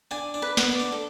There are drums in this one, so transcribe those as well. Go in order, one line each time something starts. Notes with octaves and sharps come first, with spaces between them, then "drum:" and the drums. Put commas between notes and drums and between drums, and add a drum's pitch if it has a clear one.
D4 G#5
D4
B4
B3, drum: snare
D5
D4
A4